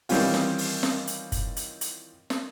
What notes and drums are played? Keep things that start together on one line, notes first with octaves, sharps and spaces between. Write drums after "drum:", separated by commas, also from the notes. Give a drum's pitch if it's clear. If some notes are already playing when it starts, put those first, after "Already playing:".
D#3 E3 G3 C4 C#4 F4, drum: open hi-hat
drum: snare
drum: open hi-hat
drum: snare
drum: hi-hat
drum: kick, hi-hat
drum: hi-hat
drum: hi-hat
drum: snare